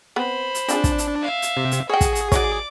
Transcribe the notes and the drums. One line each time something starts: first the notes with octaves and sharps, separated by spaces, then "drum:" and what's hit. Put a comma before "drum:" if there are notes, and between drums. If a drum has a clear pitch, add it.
B3 C4 B4 C5 B5
drum: hi-hat
C4 D4 F4 G#4, drum: hi-hat
drum: kick, hi-hat
drum: hi-hat
E5 F5
drum: hi-hat
C3
drum: hi-hat
F#4 G#4 C#5 G5
drum: kick, hi-hat
drum: hi-hat
F#3 D#4 C#5 D5 D6, drum: kick, hi-hat